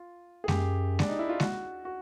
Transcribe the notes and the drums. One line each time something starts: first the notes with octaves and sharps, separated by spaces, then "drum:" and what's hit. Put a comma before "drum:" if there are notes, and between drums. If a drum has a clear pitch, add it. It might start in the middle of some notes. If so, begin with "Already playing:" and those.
Already playing: F4
G#4
F#2 G4, drum: snare G#3
D4, drum: snare G#3
D#4
E4
F4
F#4, drum: snare G#3
F#4